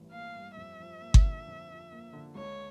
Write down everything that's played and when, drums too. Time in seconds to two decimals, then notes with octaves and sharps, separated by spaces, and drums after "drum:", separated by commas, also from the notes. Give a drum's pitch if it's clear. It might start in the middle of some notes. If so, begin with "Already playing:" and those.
Already playing: A1 G2 E3
0.12 A#3 F5
0.35 G2
0.57 F2 E5
0.80 F3
1.01 A#3
1.14 drum: kick G1
1.24 D3
1.47 F2
1.69 F3
1.92 A#3
2.13 D3
2.35 C#2 C#5